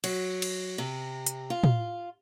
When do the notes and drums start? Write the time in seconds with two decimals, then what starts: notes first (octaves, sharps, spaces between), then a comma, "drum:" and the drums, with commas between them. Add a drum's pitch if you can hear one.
0.04 F#3, drum: cymbal
0.42 drum: cymbal
0.78 C3
1.26 drum: hi-hat
1.50 F4
1.64 drum: tom